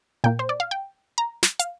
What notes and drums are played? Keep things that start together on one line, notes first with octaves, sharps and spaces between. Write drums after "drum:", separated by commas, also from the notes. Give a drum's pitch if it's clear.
A#2 A#3 G5
C5
D5
F5
G5
A#5
drum: snare
F5, drum: hi-hat